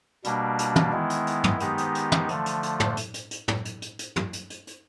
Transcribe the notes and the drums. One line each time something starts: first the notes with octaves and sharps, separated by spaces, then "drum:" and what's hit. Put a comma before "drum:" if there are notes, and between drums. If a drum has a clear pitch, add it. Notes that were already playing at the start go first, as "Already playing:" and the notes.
B2 G3 A#3 D4, drum: hi-hat
drum: hi-hat
drum: tom
D#3 G#3 B3 E4
drum: hi-hat
drum: hi-hat
drum: tom
D#3 G#3 B3 D#4 G4, drum: hi-hat
drum: hi-hat
drum: hi-hat
drum: tom
D3 F3 A3, drum: hi-hat
drum: hi-hat
drum: hi-hat
drum: tom
drum: hi-hat
drum: hi-hat
drum: hi-hat
drum: tom
drum: hi-hat
drum: hi-hat
drum: hi-hat
drum: tom
drum: hi-hat
drum: hi-hat
drum: hi-hat